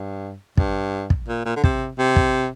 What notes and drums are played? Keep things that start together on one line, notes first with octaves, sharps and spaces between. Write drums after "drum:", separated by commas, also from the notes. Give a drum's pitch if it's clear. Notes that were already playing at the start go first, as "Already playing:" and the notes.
Already playing: G2
G2, drum: kick
drum: kick
A#2
A#2
D3
C3, drum: kick
C3
drum: kick